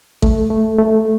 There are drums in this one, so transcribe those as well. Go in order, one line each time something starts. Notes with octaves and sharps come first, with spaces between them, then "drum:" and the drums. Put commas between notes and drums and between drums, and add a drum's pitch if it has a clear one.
A3, drum: kick A1
A3
A3